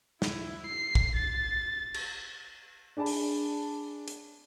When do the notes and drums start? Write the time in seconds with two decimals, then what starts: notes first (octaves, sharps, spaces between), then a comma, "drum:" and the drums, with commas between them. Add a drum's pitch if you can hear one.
0.22 E4, drum: snare
0.67 C7
0.95 drum: kick
1.16 A6
1.94 drum: cymbal
2.97 D4 G#4 D5 A5 B5
3.06 drum: open hi-hat
4.08 drum: hi-hat